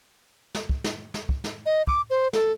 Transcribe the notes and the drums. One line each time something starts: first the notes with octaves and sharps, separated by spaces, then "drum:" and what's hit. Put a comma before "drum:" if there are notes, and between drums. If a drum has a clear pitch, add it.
drum: snare
drum: kick
drum: snare
drum: snare
drum: kick
drum: snare
D#5
D6, drum: kick
C5
A4, drum: snare